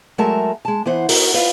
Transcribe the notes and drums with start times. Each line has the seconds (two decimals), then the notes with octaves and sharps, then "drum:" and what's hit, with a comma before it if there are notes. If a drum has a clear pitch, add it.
0.18 F#3 G#3 A3 A#4 E5 A5
0.65 G#3 A5
0.86 E3 B3 C5 F#5
1.09 D#4 F#4 A#4, drum: open hi-hat
1.34 F4 B4 F5